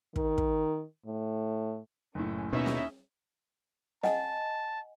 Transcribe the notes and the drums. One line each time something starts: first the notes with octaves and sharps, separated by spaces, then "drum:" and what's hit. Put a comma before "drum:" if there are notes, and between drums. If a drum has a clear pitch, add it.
D#3, drum: kick
drum: kick
A2
F#1 A2 C#4
D#2 B2 C#4 D#4 E4 C#5 D#5 E5
drum: snare
D#5 F#5 G#5 A5, drum: snare